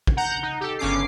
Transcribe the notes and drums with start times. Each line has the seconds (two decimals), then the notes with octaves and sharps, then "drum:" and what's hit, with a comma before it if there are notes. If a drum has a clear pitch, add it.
0.07 drum: kick
0.17 F#5 A#5 G6
0.43 D#4
0.61 G4 A4
0.79 G1 C#3 C#4 D6 C7